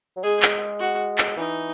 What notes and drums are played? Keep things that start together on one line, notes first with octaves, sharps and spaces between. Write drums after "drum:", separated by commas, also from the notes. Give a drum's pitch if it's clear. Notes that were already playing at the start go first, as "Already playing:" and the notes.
F#3
G#3 G#4
drum: clap
F#4
drum: clap
E3 D#4